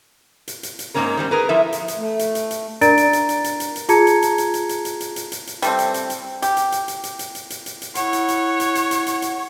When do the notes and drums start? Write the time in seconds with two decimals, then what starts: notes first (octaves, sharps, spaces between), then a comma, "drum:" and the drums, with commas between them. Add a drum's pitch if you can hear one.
0.48 drum: hi-hat
0.63 drum: hi-hat
0.79 drum: hi-hat
0.94 G#2 B2 A#3 C4 C#4 A#4
1.17 D#3 G3 C4
1.31 G#4 A#4 B4
1.49 F3 E4 A4 E5
1.73 drum: hi-hat
1.88 drum: hi-hat
1.97 A3
2.19 drum: hi-hat
2.35 drum: hi-hat
2.51 drum: hi-hat
2.81 D4 A#4 D5 A#5 A6 D7, drum: hi-hat
2.97 drum: hi-hat
3.13 drum: hi-hat
3.29 drum: hi-hat
3.44 drum: hi-hat
3.60 drum: hi-hat
3.76 drum: hi-hat
3.89 F4 G#4 A5 A#5 G#6 C#7, drum: hi-hat
4.07 drum: hi-hat
4.22 drum: hi-hat
4.38 drum: hi-hat
4.54 drum: hi-hat
4.69 drum: hi-hat
4.85 drum: hi-hat
5.00 drum: hi-hat
5.16 drum: hi-hat
5.32 drum: hi-hat
5.47 drum: hi-hat
5.62 G3 A3 C4, drum: hi-hat
5.79 drum: hi-hat
5.94 drum: hi-hat
6.10 drum: hi-hat
6.42 G4, drum: hi-hat
6.57 drum: hi-hat
6.72 drum: hi-hat
6.88 drum: hi-hat
7.04 drum: hi-hat
7.19 drum: hi-hat
7.35 drum: hi-hat
7.50 drum: hi-hat
7.66 drum: hi-hat
7.82 drum: hi-hat
7.95 E4 C#5 F#5, drum: hi-hat
8.13 drum: hi-hat
8.28 drum: hi-hat
8.60 drum: hi-hat
8.75 drum: hi-hat
8.91 drum: hi-hat
9.07 drum: hi-hat
9.22 drum: hi-hat